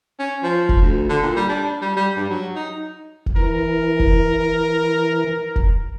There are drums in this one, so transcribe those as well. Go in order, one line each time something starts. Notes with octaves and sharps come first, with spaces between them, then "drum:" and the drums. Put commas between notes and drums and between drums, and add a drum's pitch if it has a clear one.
C#4
F3
drum: kick
D2
D3
A#2
G3
D4
G3
G3
G2
F#3
D#4
drum: kick
E3 A#4
drum: kick
drum: kick